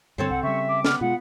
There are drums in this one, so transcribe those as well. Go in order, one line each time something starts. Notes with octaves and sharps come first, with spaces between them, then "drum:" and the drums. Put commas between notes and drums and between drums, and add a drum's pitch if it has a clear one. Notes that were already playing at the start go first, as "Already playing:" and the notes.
G2 D3 C4 A4 C5 C#5
C2 F#5
C#3 G3 E5 C#6
D6
B3 B4 F6, drum: snare
B2 G#3 F4 F#5